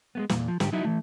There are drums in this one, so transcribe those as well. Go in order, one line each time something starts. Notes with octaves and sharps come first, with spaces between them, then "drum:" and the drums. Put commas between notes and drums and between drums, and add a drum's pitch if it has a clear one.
G#3 A3 B3
E2 A#2, drum: snare
F3
G#2 D3 G4, drum: snare
F#3 D#4 E4 F#4
E3 A3